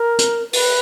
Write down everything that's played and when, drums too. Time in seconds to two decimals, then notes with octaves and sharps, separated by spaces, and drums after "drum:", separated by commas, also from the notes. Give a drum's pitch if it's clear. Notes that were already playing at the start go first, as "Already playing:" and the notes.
Already playing: A#4
0.18 drum: hi-hat
0.53 B4, drum: open hi-hat